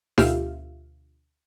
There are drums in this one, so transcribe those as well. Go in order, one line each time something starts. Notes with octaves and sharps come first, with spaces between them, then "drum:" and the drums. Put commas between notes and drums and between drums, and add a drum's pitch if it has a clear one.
D2 B2 F4 G4 E5 F5, drum: snare D#4